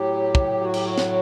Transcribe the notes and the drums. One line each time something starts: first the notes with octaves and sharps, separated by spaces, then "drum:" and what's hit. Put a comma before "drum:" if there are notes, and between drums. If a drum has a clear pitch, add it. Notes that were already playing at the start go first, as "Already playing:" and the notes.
Already playing: A2 F#3 G4
drum: kick
F#4
G4, drum: cymbal
F#4
drum: snare